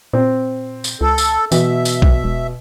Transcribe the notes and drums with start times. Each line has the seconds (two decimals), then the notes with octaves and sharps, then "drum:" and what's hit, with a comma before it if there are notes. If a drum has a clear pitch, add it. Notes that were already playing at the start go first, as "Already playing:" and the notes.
0.13 A#2 C4
0.84 drum: tambourine
1.01 C#2 A4
1.18 drum: tambourine
1.52 B2 E3 E5, drum: tambourine
1.85 drum: tambourine
2.02 drum: kick
2.24 E1